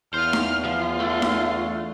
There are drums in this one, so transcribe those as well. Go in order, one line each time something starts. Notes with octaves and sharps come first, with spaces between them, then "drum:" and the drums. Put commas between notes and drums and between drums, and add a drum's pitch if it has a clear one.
E2 F4 C5 F6
drum: snare D#4
F3 F4
A3 D4
drum: snare D#4